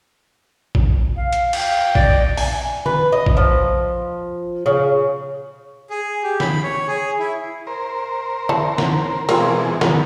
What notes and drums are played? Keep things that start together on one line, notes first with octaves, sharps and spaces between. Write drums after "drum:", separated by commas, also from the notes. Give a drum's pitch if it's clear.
drum: kick
F5
drum: hi-hat
F5 G5, drum: cymbal
D5 D#5, drum: kick
G#5, drum: open hi-hat
B4, drum: tom
D#5
drum: kick
F3
C#3
G#4
G4
B5, drum: snare
C#5
G#4
E4
A#4 C5
E3 A5, drum: tom
drum: snare
B2 E3 G#3 C4 F4 A#4, drum: cymbal
F#3 B3 A#4, drum: snare